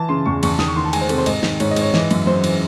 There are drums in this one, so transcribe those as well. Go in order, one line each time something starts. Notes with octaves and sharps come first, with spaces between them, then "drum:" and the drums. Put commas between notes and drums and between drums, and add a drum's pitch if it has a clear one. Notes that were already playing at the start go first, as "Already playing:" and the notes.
Already playing: E3 A5
C#3 C6
E2 C#6
E2 C#6, drum: cymbal
D#3 D#6, drum: snare
C#6
D#3 C6
A5
G#3 G#5, drum: cymbal
C5
C3 A4, drum: cymbal
C5
G#2 D#5, drum: cymbal
D#3, drum: snare
G#2 C#5, drum: cymbal
D#5
G#2, drum: cymbal
C#5
E3 D#5, drum: snare
F#2, drum: cymbal
F#2 C5
E3, drum: cymbal